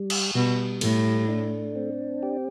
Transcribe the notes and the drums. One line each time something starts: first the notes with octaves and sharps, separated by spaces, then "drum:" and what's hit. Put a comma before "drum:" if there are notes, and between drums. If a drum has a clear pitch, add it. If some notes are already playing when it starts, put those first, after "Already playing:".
Already playing: G3
drum: cymbal
B2 G3
A2 A3, drum: cymbal
D4
C4
G4